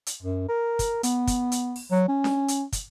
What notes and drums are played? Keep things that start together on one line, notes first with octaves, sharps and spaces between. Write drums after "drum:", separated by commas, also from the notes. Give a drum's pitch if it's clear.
drum: hi-hat
F#2
A#4
drum: kick, hi-hat
B3, drum: hi-hat
drum: kick, hi-hat
drum: hi-hat
drum: open hi-hat
F#3
C#4
drum: snare D4
drum: hi-hat
drum: kick, hi-hat